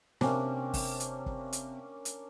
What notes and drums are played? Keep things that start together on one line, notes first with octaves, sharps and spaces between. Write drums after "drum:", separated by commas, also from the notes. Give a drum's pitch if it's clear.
C3 A#3 C#4 D4, drum: snare
drum: kick F#1, open hi-hat
drum: hi-hat
drum: kick F#1
drum: hi-hat
drum: hi-hat